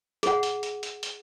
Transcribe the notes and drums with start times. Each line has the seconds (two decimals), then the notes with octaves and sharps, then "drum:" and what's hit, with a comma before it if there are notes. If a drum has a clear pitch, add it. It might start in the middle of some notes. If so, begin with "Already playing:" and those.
0.23 G#4 F#5, drum: hi-hat
0.43 drum: hi-hat
0.63 drum: hi-hat
0.83 drum: hi-hat
1.03 drum: hi-hat